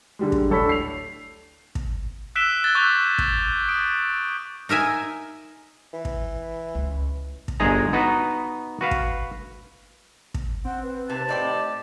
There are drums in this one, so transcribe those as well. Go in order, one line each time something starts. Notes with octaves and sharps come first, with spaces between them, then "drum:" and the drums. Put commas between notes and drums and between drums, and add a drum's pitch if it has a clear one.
D3 G3 G#3
drum: kick
D1 D4 A4 C#5 B5 B6
C7 F7
drum: kick
E6 F#6 B6 D7 E7 G7
F#6 G#6 A6 G7
C#6 D6 E6 F#6 G6 F7
drum: kick
D#6 D7
D#4 A#4 E5 G#5
E3
drum: kick
C#2
drum: kick
G1 G#3 G#4 A#5
B3 D#4 F#4 B4
F#4 B4 F5
drum: kick
drum: kick
C4 F#5
B4
D#2 C3 G4 A5
A2 D5 D#5 G5